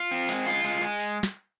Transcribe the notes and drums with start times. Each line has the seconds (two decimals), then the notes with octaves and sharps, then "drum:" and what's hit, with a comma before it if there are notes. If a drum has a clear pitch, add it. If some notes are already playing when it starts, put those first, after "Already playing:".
Already playing: F4
0.11 C4
0.29 G#3, drum: open hi-hat
0.46 F4
0.64 G#3
0.82 G#3
1.00 drum: open hi-hat
1.23 drum: snare